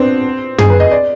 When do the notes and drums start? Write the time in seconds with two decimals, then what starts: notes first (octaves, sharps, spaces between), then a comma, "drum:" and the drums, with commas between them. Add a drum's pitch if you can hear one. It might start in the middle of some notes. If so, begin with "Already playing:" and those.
Already playing: B3 C4 D4
0.58 G#4, drum: tom
0.70 B4
0.80 D#5
0.91 D5